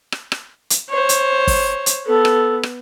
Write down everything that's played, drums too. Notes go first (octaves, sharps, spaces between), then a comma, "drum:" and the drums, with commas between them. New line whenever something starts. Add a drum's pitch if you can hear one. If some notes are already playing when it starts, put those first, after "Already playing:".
drum: rim click
drum: rim click
drum: hi-hat
C5 C#5
drum: hi-hat
drum: kick, open hi-hat
drum: hi-hat
B3 A4
drum: rim click
drum: rim click